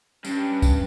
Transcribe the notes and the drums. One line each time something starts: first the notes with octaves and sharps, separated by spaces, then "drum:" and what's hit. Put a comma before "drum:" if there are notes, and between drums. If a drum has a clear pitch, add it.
G2 C#4, drum: tambourine
drum: kick, tambourine